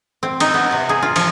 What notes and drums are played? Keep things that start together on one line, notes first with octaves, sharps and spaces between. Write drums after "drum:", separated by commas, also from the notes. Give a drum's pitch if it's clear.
C4
D#4, drum: cymbal
B3
C3
G#4
F4
F3, drum: cymbal